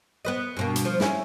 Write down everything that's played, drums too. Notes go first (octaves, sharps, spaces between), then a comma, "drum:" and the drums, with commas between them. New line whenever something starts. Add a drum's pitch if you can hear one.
B3 B4 D#5
G2 B2 A#3
drum: hi-hat
F3
C#4 E4, drum: snare